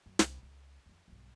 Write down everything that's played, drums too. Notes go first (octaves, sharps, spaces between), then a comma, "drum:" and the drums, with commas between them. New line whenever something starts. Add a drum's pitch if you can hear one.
F#2
C2, drum: snare
C#2
F2 F3
B1 G2